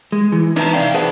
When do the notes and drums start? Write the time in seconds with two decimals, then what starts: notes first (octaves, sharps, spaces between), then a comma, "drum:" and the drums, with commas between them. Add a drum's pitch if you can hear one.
0.12 G#3
0.32 E3
0.56 D4 D#4 B4 E5 A5 A#5, drum: cymbal
0.73 C3 D5 F5 G5
0.95 G#4 B4 C5 E5 F#5 A5